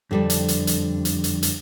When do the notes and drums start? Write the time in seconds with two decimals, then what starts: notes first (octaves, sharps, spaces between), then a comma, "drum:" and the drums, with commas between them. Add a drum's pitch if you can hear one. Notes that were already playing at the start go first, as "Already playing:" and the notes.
0.11 F2 D3 G3 A5
0.30 drum: hi-hat
0.48 drum: hi-hat
0.67 drum: hi-hat
1.05 drum: hi-hat
1.24 drum: hi-hat
1.43 drum: hi-hat